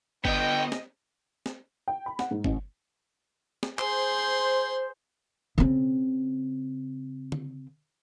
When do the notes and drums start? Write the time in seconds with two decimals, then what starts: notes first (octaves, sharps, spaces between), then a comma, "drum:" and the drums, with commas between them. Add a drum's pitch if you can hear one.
0.25 D3 B3 D#5 G5, drum: kick G1
0.72 drum: snare
1.46 drum: snare
1.88 G5
2.06 B5
2.19 F#5, drum: snare
2.31 G#2
2.44 A1, drum: kick G1
3.63 drum: snare
3.79 G#4 C5 C6, drum: clap
5.58 C#3 C4
7.32 drum: tom D3